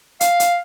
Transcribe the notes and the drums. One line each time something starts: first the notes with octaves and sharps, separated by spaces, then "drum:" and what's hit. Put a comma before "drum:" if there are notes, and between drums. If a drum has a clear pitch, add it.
F5, drum: hi-hat
drum: hi-hat